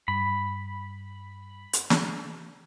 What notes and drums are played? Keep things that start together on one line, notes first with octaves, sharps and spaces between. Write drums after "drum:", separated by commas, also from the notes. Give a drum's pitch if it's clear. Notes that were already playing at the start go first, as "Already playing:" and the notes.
G2 B5
drum: hi-hat
drum: snare